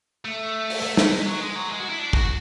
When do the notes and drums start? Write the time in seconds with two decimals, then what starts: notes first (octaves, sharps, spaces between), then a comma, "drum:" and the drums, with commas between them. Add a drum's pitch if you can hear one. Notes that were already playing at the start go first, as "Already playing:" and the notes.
0.25 A3
0.70 drum: open hi-hat
0.83 A3
0.97 A3, drum: snare
1.12 G#3
1.26 F#3
1.41 G#3
1.56 F#3
1.70 G#3
1.79 F#4
1.89 E4
1.99 D4
2.13 F#4, drum: kick